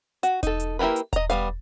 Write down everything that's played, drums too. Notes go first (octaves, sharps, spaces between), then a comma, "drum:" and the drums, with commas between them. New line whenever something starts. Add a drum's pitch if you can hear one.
F#4, drum: hi-hat
D#4 A4, drum: kick E1, hi-hat
drum: hi-hat
A#3 E4 G4 A#4 B4
drum: hi-hat
D#5 A#5, drum: kick E1, hi-hat
G3 B3 F5, drum: hi-hat